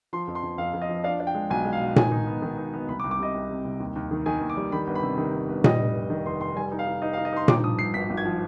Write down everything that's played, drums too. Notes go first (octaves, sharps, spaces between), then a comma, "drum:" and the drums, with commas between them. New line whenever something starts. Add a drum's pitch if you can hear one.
F3 C6
F2
C6
F2
F2 F5
F2
D#5
F3
D4 F5
D4
G5
G#3
B1 G#5
G#3
F5
B2
D#3 G#5, drum: tom A#2
D#4
B3
D#3
D#4
B3
C2 B5
D6
C2
D6
C3 D#5
C2
C3
C2
D#2
D#2
D#3
D#3 G#5
D#2
D6
G3
D#3 B5
G1
B5
C3
D#3
G1
G1
G3 D#5, drum: tom A#2
F1
F1
D#3
F1 C6
F1 C6
G3 G#5
D#4
F5
D#4
D#4 D#5
F5
D#4
D#5
D#4 C6
G2 D6, drum: tom A#2
F3 D#6
G2 C7
G#1 B6
G#1
G#6
F3